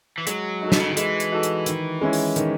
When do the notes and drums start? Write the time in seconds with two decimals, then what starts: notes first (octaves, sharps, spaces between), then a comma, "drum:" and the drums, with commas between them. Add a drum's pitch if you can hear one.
0.18 E3
0.27 F#3 G#3, drum: hi-hat
0.62 D#4 F#4 A4
0.72 B2, drum: snare
0.80 C#3
0.88 D#3
0.97 E3 G#3, drum: hi-hat
1.20 drum: hi-hat
1.32 D#4 F#4 A4
1.43 drum: hi-hat
1.66 D#3, drum: hi-hat
2.01 G#3 C#4 E4
2.13 drum: open hi-hat
2.36 D#3, drum: hi-hat